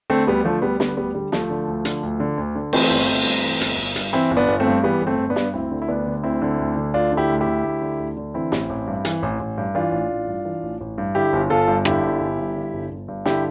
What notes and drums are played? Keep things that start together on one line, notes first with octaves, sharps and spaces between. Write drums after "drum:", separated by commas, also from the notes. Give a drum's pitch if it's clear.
D3 A3 C4
D2 G3 B3
D3 F3 A3
D2 G3 B3
D3 G3 B3, drum: snare
D2 G3 B3
D3 G3
D2 F3 A3, drum: snare
D3
D2
D3, drum: hi-hat
D2
D3
D2
D3
E3 A3 C4, drum: cymbal
G1
G1
G2
E3
G1, drum: hi-hat
G1
G2, drum: hi-hat
E3 C4 E4
G1
B3 D4
G1
A3 C4
G2
E3 G3 B3
G1
A3 C4
G1
B3 D4
G2, drum: snare
D2 C4 E4
D3
E4
D2 B3 D4
D3
D2 C4 E4
D3
D2
D3
D2 D4 F4
D3
E4 G4
D2
E4 G4
D3
D2
D3
D2
D3
E3 C4 E4
A1, drum: snare
A1
G2
E3, drum: hi-hat
A1
A1
G2
E3 D4 F4
A1
A1
G2
E3
A1
A1
G2
D3 E4 G4
G1
G1 F4 A4
G2
D3 E4 G4, drum: rim click
G1
G1
G2
D3
G1
G1
G2
D3 E4 G4, drum: snare